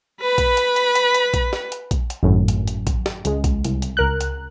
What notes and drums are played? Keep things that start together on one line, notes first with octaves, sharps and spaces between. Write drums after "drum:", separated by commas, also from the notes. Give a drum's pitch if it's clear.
B4 B5
drum: kick A#1, hi-hat
drum: hi-hat
drum: hi-hat
drum: hi-hat
drum: hi-hat
drum: kick A#1, hi-hat
drum: snare
drum: hi-hat
drum: kick A#1, hi-hat
drum: hi-hat
G#1 F#2 A2
drum: hi-hat
drum: hi-hat
drum: kick A#1, hi-hat
drum: snare
C#2 G#3, drum: hi-hat
drum: kick A#1, hi-hat
C2, drum: hi-hat
drum: hi-hat
C#2 A#4 F#6
drum: hi-hat